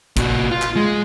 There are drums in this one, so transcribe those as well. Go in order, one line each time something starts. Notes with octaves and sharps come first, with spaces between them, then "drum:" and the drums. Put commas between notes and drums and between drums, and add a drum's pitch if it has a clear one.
A#2 F#4, drum: kick, hi-hat
F4
drum: clap
G#3